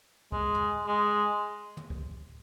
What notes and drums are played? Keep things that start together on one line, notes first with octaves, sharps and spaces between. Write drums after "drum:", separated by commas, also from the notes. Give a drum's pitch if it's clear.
G#3, drum: kick C#2
drum: tom
G#3
drum: tom
drum: kick C#2